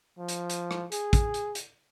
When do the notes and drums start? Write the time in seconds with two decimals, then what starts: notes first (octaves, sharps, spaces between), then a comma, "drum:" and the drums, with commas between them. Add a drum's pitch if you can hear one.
0.19 F3
0.28 drum: hi-hat
0.50 drum: hi-hat
0.71 drum: rim click
0.92 G#4, drum: hi-hat
1.13 drum: kick, hi-hat
1.34 drum: hi-hat
1.55 drum: hi-hat